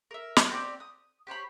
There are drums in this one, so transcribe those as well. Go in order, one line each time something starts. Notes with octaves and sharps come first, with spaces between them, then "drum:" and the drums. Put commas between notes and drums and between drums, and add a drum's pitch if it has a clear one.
A#4 E5
drum: snare
C4 G4 A4 D5
D#6
G4 C5 C#5 B5